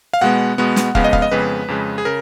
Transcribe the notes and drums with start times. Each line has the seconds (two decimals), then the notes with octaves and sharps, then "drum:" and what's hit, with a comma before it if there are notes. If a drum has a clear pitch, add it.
0.14 F5
0.21 B2 G#3 B3 F#5
0.58 B2 G#3 B3
0.76 drum: snare
0.95 F2 C#3 G#3 B3 F5, drum: kick
1.04 D#5
1.13 F5, drum: kick
1.22 D#5
1.31 F2 C#3 G#3 B3 B4
1.68 F2 C#3 G#3
1.98 G#4
2.05 C#3 A#4